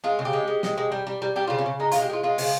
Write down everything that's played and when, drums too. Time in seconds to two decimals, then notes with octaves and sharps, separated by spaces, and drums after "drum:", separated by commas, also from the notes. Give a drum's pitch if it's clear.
0.04 G#3 F4
0.19 C#3
0.25 G4
0.33 G#3
0.47 G#3
0.63 G#3, drum: snare
0.78 G#3
0.92 G3
1.07 G3
1.22 G3
1.36 G3 G4
1.47 C#3 F4
1.58 C#4
1.66 C#3
1.80 G#3 D#4
1.92 F4, drum: hi-hat
1.95 G#3
2.02 G4
2.10 G#3 F4
2.23 G#3 F4
2.38 C#3, drum: open hi-hat